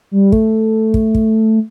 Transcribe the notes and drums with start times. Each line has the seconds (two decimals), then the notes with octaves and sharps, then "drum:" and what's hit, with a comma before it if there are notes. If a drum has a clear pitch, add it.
0.11 G3
0.32 A3, drum: kick
0.94 drum: kick
1.15 drum: kick